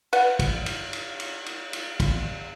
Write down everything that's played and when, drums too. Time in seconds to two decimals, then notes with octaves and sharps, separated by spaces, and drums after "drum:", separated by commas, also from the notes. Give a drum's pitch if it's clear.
0.13 B4 D5 F#5, drum: cymbal
0.39 drum: kick, cymbal
0.66 drum: cymbal
0.93 drum: cymbal
1.20 drum: cymbal
1.46 drum: cymbal
1.73 drum: cymbal
2.00 drum: kick, cymbal